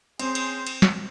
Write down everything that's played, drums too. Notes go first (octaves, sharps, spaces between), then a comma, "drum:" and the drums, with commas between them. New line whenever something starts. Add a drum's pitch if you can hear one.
C4 C#4 G#4 C5, drum: cymbal
drum: cymbal
drum: cymbal
drum: snare